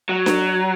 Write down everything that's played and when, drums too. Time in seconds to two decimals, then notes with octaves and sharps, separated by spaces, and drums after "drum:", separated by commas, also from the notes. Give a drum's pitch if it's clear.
0.09 F#3
0.26 drum: snare D4